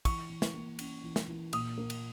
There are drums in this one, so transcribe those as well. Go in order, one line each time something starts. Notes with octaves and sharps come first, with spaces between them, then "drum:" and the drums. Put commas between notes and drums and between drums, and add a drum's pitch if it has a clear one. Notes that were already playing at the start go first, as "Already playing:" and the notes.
E3 C#6, drum: kick, cymbal
E3
drum: snare
A#3
C#4, drum: cymbal
E3
drum: snare
E3
A#2 D#6, drum: cymbal
A#3
drum: cymbal